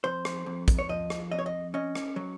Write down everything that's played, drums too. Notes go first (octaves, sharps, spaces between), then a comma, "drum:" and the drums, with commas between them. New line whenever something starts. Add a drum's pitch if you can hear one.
F2 C5
drum: rim click
F2
drum: kick, hi-hat
C#5
F3 D#5
drum: rim click
F2 D#5
C#5
D#5
C#4 D#5
drum: rim click
F#3